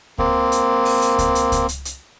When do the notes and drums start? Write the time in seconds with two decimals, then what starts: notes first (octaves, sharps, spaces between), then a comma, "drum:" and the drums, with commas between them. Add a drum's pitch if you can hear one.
0.18 A#3 C4, drum: kick C#2
0.52 drum: hi-hat
0.85 drum: open hi-hat
1.02 drum: hi-hat
1.19 drum: kick C#2, hi-hat
1.35 drum: hi-hat
1.52 drum: kick C#2, hi-hat
1.69 drum: hi-hat
1.85 drum: hi-hat